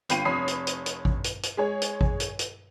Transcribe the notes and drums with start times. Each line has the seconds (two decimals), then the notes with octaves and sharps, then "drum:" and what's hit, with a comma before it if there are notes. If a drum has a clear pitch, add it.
0.09 G1 F4 G5 B5 C7 D#7, drum: hi-hat
0.25 F1 C#5 B5 D#6 C7
0.48 drum: hi-hat
0.67 drum: hi-hat
0.86 drum: hi-hat
1.05 drum: kick A1
1.24 drum: hi-hat
1.43 drum: hi-hat
1.57 G#3 G#4 C#5
1.82 drum: hi-hat
2.01 drum: kick A1
2.20 drum: hi-hat
2.39 drum: hi-hat